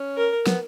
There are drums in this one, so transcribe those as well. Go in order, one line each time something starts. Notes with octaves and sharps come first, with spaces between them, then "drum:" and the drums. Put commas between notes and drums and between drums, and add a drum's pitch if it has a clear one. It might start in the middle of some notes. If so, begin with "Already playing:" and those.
Already playing: C#4
A#4
B3, drum: snare